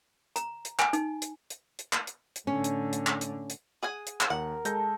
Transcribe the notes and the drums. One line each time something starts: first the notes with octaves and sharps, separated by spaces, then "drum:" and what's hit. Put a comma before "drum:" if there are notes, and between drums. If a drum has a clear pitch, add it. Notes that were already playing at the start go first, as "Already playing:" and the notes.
A#5, drum: hi-hat
drum: hi-hat
G#5, drum: clap
D#4, drum: hi-hat
drum: hi-hat
drum: hi-hat
drum: hi-hat
drum: clap
drum: hi-hat
drum: hi-hat
A2 D3 C#4
drum: hi-hat
drum: hi-hat
drum: clap
drum: hi-hat
drum: hi-hat
G#4 F#5 G#5
drum: hi-hat
drum: clap
D#2 A#4 F#5
G#3 A4 G6 A#6, drum: hi-hat